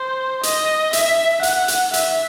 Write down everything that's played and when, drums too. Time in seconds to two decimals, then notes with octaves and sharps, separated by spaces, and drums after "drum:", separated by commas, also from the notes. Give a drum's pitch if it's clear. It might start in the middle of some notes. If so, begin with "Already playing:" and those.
Already playing: C5
0.43 D#5, drum: hi-hat
0.93 E5, drum: hi-hat
1.43 F#5, drum: hi-hat
1.68 drum: hi-hat
1.94 E5, drum: hi-hat